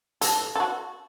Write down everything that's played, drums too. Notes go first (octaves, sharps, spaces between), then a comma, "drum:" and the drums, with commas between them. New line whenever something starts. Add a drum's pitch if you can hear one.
A4, drum: hi-hat
A4
F#4